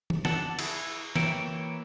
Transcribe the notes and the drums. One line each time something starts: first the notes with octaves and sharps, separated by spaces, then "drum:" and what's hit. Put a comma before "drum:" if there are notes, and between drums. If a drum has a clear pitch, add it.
drum: tom D#3
D4 A4 F#5 A5, drum: snare
E4 G#4, drum: cymbal
E3 A#3 C#5 E5 G5, drum: snare